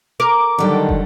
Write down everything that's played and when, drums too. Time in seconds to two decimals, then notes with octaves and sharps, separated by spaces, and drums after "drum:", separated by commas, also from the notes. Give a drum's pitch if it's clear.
0.20 A#4 D6
0.58 D3 D#3 F#3 G3 A4
0.89 drum: kick